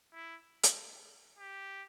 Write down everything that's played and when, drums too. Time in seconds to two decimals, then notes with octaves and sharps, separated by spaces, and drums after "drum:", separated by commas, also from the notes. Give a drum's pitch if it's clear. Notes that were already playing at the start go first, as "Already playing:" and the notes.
0.14 E4
0.63 drum: hi-hat
1.39 G4